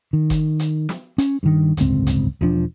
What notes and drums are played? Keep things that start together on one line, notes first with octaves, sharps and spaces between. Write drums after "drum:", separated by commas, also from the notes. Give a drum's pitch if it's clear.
D#3
drum: kick G1, hi-hat
drum: hi-hat
drum: snare
C#4, drum: hi-hat
G2 D#3
D1 G1 C#2 C4, drum: hi-hat
drum: hi-hat
E1 F3 D4